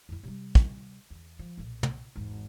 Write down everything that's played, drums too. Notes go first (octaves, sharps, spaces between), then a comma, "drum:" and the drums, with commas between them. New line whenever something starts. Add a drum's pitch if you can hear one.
F2 E4
C3 G3
drum: kick
E2
F3
B1 A#2
drum: tom
G#1 E2